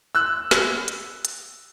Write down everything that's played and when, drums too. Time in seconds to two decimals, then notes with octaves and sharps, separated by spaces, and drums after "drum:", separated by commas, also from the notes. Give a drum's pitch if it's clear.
0.15 E6 F#6
0.51 drum: snare
0.88 drum: hi-hat
1.25 drum: hi-hat